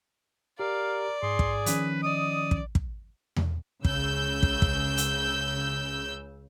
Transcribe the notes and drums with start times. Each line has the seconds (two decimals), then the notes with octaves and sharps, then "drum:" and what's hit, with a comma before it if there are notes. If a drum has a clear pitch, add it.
0.60 G4 A#4 D5 F5
1.23 G#2 G#4 C6
1.39 drum: kick
1.66 D#3 F3 C#4 B4, drum: hi-hat
2.03 D5 D#5 D#6
2.51 drum: kick
2.75 drum: kick
3.36 drum: tom E2
3.85 C#2 C#3 E6 G6, drum: kick
4.43 drum: kick
4.62 drum: kick
4.98 drum: hi-hat